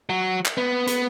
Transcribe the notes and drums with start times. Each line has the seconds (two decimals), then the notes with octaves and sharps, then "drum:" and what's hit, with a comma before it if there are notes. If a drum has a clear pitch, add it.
0.09 F#3
0.45 drum: clap
0.57 B3
0.87 B3, drum: hi-hat